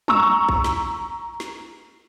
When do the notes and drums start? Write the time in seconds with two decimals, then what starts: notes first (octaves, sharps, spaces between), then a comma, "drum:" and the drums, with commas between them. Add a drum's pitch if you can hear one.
0.08 A#5 C#6 E6, drum: tom
0.49 drum: kick
0.64 drum: snare
1.40 drum: snare